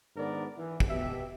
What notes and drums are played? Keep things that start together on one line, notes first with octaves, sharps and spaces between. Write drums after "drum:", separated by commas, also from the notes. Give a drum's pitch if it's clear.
G#2 D#3 B3 D4 A#4 D5
E3
drum: kick
B2 G4 E5